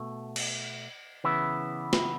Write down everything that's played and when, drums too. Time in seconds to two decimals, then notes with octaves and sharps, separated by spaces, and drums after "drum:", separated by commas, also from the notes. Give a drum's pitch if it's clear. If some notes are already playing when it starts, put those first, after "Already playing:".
Already playing: B2 A3
0.36 drum: cymbal
1.24 C#3 E3 B3 E4
1.93 drum: snare